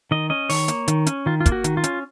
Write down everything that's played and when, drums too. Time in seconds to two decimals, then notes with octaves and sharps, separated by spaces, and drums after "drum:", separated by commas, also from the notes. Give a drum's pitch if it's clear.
0.11 D#3 D#5
0.30 C#4 D#5
0.49 D#3 C#5, drum: open hi-hat
0.68 A#3, drum: hi-hat
0.88 D#3, drum: hi-hat
1.06 C#4, drum: hi-hat
1.26 D#3 F4
1.40 F4
1.46 A#3, drum: kick, hi-hat
1.52 F#4
1.64 D#3, drum: hi-hat
1.77 F4
1.84 C#4, drum: hi-hat